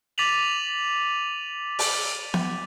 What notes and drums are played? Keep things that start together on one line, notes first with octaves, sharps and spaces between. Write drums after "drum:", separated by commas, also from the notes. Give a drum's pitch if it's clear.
D6 A6 B6 D#7 F7 F#7
drum: open hi-hat
drum: snare B3